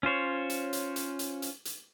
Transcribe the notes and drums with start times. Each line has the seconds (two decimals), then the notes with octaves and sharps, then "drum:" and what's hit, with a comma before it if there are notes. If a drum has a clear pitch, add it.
0.03 C#4 F4 C5 C#5
0.50 drum: hi-hat
0.73 drum: hi-hat
0.96 drum: hi-hat
1.19 drum: hi-hat
1.42 drum: hi-hat
1.65 drum: hi-hat